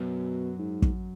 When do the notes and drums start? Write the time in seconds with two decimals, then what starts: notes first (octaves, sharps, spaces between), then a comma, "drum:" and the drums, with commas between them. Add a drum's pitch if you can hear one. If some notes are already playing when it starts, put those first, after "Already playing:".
Already playing: F#2 B2
0.59 G#2
0.82 drum: kick